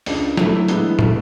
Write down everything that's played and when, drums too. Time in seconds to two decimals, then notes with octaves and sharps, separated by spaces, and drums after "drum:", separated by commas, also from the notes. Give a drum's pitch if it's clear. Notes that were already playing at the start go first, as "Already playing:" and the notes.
0.06 C#2 C#3 G#3 D4, drum: open hi-hat
0.37 A2 F#3 A3 E4, drum: snare
0.68 A2 E3 G#3 B3 D4, drum: hi-hat
0.99 B2 A3, drum: tom